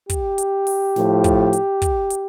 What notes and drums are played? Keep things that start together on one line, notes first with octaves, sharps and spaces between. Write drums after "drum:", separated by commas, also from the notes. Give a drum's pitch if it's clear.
G4, drum: kick, hi-hat
drum: hi-hat
drum: open hi-hat
A2 F3, drum: snare
drum: kick, hi-hat
drum: hi-hat
drum: kick, hi-hat
drum: hi-hat